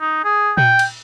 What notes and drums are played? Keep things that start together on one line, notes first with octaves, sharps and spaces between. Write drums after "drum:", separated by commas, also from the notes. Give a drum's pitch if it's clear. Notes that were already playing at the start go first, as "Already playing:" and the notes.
D#4
G#4
G5, drum: tom A#2
drum: cymbal